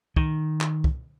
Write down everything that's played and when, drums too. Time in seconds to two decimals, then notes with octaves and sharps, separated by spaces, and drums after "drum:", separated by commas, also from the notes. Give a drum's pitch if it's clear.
0.16 D#3, drum: kick
0.61 drum: clap
0.84 drum: kick